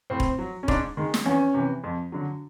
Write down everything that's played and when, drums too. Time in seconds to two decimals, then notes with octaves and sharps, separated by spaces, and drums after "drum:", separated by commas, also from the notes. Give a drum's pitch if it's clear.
0.10 A2 C4
0.20 drum: kick E1
0.39 F#3
0.63 C#4
0.68 G#2 D4, drum: kick E1
0.97 D#3 G#3
1.14 drum: snare
1.26 E2 C#4
1.54 C3 E3
1.84 F2
2.12 D3 F#3